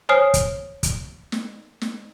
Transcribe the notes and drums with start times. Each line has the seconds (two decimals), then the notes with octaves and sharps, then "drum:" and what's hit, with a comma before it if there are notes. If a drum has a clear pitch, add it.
0.09 C5 C#5 G#5 D#6 F6 C7
0.34 drum: kick, hi-hat
0.83 drum: kick, hi-hat
1.32 drum: snare
1.81 drum: snare